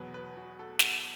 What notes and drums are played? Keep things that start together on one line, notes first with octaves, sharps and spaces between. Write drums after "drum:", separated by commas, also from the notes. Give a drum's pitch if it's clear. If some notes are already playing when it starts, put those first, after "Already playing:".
Already playing: E2 B2 F#3 B4
B4
F#4
A4
drum: snare